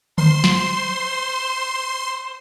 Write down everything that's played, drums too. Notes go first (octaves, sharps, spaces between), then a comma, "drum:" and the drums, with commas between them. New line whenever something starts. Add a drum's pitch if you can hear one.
C5 C6, drum: tom D3
drum: snare